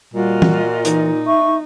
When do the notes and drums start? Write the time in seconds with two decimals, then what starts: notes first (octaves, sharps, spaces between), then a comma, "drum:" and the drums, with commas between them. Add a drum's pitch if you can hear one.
0.14 A#2 G3 F4 F#4 D#5
0.42 drum: tom
0.85 E3 D#4, drum: hi-hat
1.27 E5 C#6